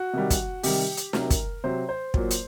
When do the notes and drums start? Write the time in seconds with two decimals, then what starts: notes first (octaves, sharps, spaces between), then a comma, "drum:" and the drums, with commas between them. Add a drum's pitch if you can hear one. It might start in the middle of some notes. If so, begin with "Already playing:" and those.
Already playing: F#4
0.13 C3 D#3 G3
0.30 drum: kick, hi-hat
0.63 C3 D#3 G3 G4, drum: open hi-hat
0.97 drum: hi-hat
1.13 C3 F#3 A#4, drum: snare
1.30 drum: kick, hi-hat
1.64 C3 F#3 C5
1.89 C5
2.14 A#2 F#3, drum: kick
2.30 drum: hi-hat